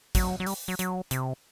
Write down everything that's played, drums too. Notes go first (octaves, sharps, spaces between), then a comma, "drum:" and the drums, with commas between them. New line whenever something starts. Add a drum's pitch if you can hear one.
F#3, drum: kick, hi-hat
F#3
G3, drum: open hi-hat
F#3
F#3, drum: hi-hat
C3, drum: hi-hat